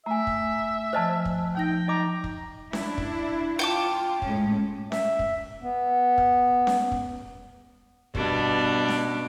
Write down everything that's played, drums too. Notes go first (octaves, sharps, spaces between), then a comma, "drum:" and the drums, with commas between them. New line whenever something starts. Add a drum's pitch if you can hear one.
A3 E5 G#5 A#5
drum: kick
F3 C5 D#5 G#5 A5 F6
drum: kick
F3 D#4 G5 A#6
D#5 A#5 D6
drum: kick
D4 E4, drum: snare C#4
drum: kick
F4 G5 A5 D6
A2 G#3 C#4, drum: kick
E5, drum: snare C#4
drum: kick
B3
drum: kick
drum: snare C#4
drum: kick
G2 B2 D4, drum: kick
drum: snare C#4